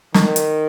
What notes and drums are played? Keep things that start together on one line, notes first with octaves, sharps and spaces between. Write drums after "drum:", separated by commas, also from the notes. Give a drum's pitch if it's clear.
D#3, drum: snare
drum: hi-hat